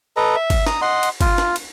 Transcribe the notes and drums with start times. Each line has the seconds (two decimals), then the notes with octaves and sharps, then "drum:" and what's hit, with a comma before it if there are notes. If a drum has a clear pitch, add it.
0.17 A4 B4 D#5 A#5
0.36 E5
0.50 drum: kick G1, cymbal
0.67 A#5 D#6, drum: snare
0.82 D#5 F#5 C6
1.03 drum: cymbal
1.21 F4, drum: kick G1, cymbal
1.38 drum: snare
1.56 drum: cymbal